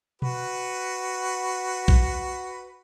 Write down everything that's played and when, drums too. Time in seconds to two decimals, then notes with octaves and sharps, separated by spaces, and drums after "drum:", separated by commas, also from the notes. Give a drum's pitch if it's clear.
0.22 F#4 B4, drum: tom B2
1.88 drum: kick A#1